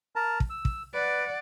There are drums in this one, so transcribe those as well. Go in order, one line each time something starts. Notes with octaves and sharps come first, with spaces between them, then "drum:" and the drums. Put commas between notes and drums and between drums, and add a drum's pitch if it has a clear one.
A#4 A5 A#5
drum: kick
E6
drum: kick
B4 D5 F#5